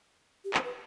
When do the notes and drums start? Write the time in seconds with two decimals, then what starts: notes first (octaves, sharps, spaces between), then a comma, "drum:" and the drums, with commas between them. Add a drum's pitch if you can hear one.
0.45 G4
0.54 C5, drum: clap
0.64 B4